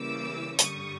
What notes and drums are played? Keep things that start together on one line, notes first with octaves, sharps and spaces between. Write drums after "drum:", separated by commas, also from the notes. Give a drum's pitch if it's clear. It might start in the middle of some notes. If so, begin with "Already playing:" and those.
Already playing: C#3 E3 G3 A#3 C#4 D6 E6
G2 D3 G3 C#6 D#6, drum: hi-hat